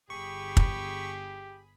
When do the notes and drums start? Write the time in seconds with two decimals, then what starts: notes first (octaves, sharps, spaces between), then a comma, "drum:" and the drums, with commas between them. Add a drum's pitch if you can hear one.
0.10 G1 G4 G#4 B5 C#6
0.57 drum: kick